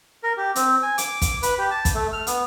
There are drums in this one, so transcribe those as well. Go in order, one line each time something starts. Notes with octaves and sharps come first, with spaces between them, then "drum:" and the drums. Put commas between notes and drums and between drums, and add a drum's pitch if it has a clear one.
A#4
G4
C4, drum: hi-hat
G#5
D6, drum: hi-hat
drum: kick, hi-hat
B4, drum: hi-hat
G4
A5
drum: kick, hi-hat
A3
F6
B3, drum: hi-hat